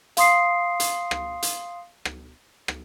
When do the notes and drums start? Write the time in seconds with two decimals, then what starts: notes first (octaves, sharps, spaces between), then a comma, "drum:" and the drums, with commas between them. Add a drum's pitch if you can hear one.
0.17 F5 C6 D#6 C7, drum: hi-hat
0.80 drum: hi-hat
1.11 drum: rim click
1.43 drum: hi-hat
2.05 drum: rim click
2.68 drum: rim click